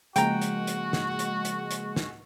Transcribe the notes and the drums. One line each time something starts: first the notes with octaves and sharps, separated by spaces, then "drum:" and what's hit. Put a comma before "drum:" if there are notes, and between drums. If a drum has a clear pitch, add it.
C#3 F3 G#3 A#3 F#4 G5 A#5, drum: hi-hat
drum: hi-hat
drum: hi-hat
drum: snare
drum: hi-hat
drum: hi-hat
drum: hi-hat
drum: snare